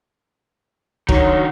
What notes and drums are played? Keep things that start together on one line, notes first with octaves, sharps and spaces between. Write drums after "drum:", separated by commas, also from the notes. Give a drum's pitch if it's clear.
D3 D#3 F#3, drum: kick